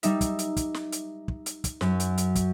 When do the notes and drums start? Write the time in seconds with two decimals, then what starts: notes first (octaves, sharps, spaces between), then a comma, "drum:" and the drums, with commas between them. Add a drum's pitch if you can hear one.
0.03 G3 D#4 E5, drum: hi-hat
0.21 drum: kick, hi-hat
0.39 drum: hi-hat
0.57 drum: kick, hi-hat
0.74 drum: snare
0.92 drum: hi-hat
1.28 drum: kick
1.46 drum: hi-hat
1.64 drum: kick, hi-hat
1.81 F#2, drum: snare
2.00 drum: hi-hat
2.18 drum: hi-hat
2.35 drum: kick, hi-hat